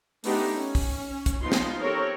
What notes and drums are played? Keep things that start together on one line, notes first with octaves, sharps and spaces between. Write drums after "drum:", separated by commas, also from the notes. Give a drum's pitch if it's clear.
A3 B3 D4 D#4 G4, drum: open hi-hat
C#4
drum: kick, open hi-hat
drum: kick, hi-hat
F3 B3 D#4 F4 C6
drum: snare
C4 G4 A4 A#4 C#5